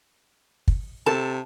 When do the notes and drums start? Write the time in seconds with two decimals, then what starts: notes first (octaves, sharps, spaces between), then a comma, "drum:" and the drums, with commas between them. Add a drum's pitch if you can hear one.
0.68 drum: kick
1.06 C3 A4 A5